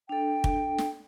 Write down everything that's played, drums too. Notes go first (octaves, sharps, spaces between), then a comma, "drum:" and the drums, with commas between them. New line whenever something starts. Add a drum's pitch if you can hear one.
D4 A4 G5
drum: kick
drum: snare